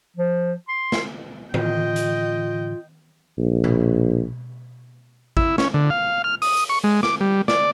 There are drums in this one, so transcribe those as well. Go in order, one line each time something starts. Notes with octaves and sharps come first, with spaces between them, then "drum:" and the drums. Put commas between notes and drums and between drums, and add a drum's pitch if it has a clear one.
F3
C6
drum: snare
A2 D3 E3 F4 D#5 G5, drum: tom D#3
drum: hi-hat
A#1
drum: tom B2
E4, drum: kick A1
C#4, drum: snare
D3
F5
F6
D#6, drum: open hi-hat
drum: tambourine
C#6
G#3
D6, drum: snare
G3
D5, drum: snare